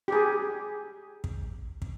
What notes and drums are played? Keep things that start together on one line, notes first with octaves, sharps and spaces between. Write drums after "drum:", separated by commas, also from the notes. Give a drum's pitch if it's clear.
G4 G#4
drum: kick
drum: kick